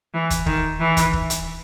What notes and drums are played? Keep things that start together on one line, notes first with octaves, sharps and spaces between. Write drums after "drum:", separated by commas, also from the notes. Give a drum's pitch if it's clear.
E3
drum: kick, hi-hat
D#3, drum: kick
E3
drum: kick, hi-hat
drum: kick
drum: hi-hat